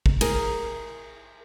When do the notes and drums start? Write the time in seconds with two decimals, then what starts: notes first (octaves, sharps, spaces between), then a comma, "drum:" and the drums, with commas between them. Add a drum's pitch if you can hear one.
0.06 drum: kick
0.21 G#4 A#4, drum: cymbal